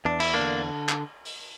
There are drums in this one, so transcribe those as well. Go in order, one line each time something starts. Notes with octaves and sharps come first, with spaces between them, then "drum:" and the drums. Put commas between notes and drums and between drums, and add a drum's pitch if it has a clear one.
E2 D4
E4, drum: cymbal
A#3 D4
D3
drum: clap
drum: open hi-hat